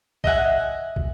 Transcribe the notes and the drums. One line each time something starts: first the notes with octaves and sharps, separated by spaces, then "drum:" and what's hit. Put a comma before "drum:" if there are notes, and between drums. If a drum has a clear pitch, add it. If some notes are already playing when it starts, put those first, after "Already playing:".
D#5 E5 F#5 G#5, drum: kick
drum: kick